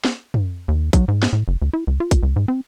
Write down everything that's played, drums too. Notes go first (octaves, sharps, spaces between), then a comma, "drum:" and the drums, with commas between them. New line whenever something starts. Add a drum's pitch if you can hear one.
drum: snare
drum: tom
D#2
F#3, drum: kick, hi-hat
G#2
drum: snare
A2
F#1
D2
E4
C#2
F4
drum: kick, hi-hat
C#2
G#2
C4